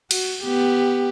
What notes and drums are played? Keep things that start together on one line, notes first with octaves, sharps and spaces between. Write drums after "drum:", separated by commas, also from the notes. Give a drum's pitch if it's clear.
F#4, drum: cymbal
B3 G4